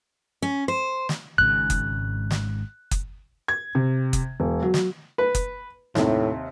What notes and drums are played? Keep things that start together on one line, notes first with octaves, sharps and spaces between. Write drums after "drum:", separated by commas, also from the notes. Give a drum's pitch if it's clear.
C#4
C5
drum: snare
G#1 G#2 C#3 F#6
drum: kick F#1, hi-hat
drum: snare
drum: kick F#1, hi-hat
G#6
C3
drum: kick F#1, hi-hat
E1
F#3
drum: snare
B4
drum: kick F#1, hi-hat
D#2 A2 C3, drum: snare